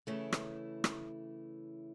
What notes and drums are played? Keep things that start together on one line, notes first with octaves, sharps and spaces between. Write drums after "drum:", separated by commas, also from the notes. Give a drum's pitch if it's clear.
C#3 E3 A3 E4
drum: rim click
drum: rim click